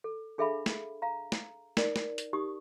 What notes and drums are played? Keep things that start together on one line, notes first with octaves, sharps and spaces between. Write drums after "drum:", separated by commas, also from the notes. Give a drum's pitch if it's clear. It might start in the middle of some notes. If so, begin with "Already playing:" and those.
A4
D4 G#4 A4 E5 F5 B5
drum: snare
F5 A#5
drum: snare
D#4 A#4 D5, drum: snare
drum: snare
drum: hi-hat
D#4 G4 C#6 D#6